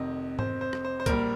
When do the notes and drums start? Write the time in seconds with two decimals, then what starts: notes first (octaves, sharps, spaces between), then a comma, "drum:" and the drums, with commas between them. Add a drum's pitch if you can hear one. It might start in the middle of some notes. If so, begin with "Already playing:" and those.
Already playing: F1 F2 C3 D#3 D#5
0.39 C5, drum: tom G#2
0.61 C5
0.73 drum: rim click
0.85 C5
1.00 C5
1.06 A#1 A#2 G3 A#4, drum: kick, hi-hat